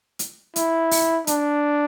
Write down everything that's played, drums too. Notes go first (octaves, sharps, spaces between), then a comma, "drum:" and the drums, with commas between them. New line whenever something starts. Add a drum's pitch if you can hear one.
drum: hi-hat
E4, drum: hi-hat
drum: open hi-hat
D4, drum: hi-hat